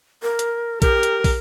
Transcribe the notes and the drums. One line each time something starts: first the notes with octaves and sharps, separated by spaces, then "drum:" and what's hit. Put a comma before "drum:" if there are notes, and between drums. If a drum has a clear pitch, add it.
A#4
drum: hi-hat
G4 A#4, drum: kick, hi-hat
drum: hi-hat
drum: kick, open hi-hat